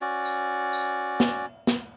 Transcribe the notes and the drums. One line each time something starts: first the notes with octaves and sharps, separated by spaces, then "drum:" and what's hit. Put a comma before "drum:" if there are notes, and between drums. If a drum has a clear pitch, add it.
C#4 F#4 D5
drum: tambourine
drum: tambourine
drum: snare
drum: snare